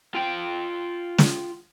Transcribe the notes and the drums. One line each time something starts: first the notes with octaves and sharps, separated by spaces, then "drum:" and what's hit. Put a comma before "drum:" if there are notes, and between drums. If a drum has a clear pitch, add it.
F4 G5
drum: snare